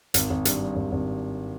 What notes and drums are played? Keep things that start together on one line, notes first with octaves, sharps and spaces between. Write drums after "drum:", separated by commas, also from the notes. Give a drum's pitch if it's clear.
G#1, drum: hi-hat
G#1
G2, drum: hi-hat
G3
G#1
G#1